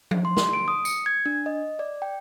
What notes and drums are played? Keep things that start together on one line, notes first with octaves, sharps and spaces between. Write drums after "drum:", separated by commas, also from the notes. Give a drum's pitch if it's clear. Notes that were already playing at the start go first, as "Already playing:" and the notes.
drum: tom F3
C6
C6, drum: snare
D7
D#6
C#7, drum: tambourine
G#6
D4
D#5
D5
G5